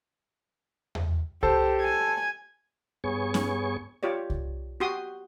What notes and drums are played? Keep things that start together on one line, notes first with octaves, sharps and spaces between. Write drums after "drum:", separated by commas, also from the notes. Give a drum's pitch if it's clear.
drum: tom E2
G4 A4 C5 A5, drum: kick C2
G#5
G2 B3 G#4 C#5 G#5 C#6
drum: snare C#4
F4 G4 C#5 D5
drum: kick C2
F#4 G4 C6 D#6